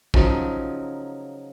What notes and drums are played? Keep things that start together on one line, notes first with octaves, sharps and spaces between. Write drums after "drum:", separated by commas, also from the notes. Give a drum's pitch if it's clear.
C#3 F3 F#3 D#4, drum: kick